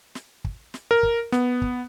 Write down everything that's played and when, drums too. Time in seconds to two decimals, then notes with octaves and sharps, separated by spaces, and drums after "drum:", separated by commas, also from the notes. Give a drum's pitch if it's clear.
0.15 drum: snare
0.44 drum: kick
0.74 drum: snare
0.91 A#4
1.03 drum: kick
1.32 B3, drum: snare
1.62 drum: kick